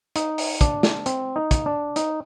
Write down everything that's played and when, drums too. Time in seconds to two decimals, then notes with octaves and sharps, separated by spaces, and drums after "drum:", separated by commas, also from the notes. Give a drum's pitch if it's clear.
0.16 D#4, drum: hi-hat
0.38 drum: open hi-hat
0.61 D4, drum: kick, hi-hat
0.83 drum: snare
1.06 C4, drum: hi-hat
1.36 D#4
1.51 drum: kick, hi-hat
1.66 D4
1.96 D#4, drum: hi-hat